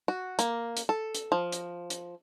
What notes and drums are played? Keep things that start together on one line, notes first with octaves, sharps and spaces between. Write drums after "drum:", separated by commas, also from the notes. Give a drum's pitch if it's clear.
F#4
A#3, drum: hi-hat
drum: hi-hat
A4
drum: hi-hat
F3
drum: hi-hat
drum: hi-hat